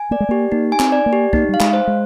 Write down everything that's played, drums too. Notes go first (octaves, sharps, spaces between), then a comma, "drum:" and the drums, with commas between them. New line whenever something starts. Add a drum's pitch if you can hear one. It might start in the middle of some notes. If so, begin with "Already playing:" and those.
Already playing: G#5
A#3 D5
G#3
A#3 G4
A#3 D#4
G#5
C4, drum: clap
D5
A#3
G4
A#3 D#4, drum: kick
G3 F5
G#3, drum: clap
C5
G#3